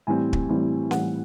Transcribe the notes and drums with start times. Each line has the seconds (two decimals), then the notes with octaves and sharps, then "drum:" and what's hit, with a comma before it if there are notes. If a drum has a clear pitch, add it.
0.07 A2 E3 G3 C4 G#5
0.33 drum: kick
0.49 A2 E3 G3 C4
0.91 A2 E3 G3 C4 F#5, drum: snare C#4